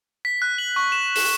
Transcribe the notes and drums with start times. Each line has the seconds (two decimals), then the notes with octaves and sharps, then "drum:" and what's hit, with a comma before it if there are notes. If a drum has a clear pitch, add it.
0.25 B6
0.42 F#6
0.58 F#7
0.76 C#6
0.92 E7
1.16 E7, drum: open hi-hat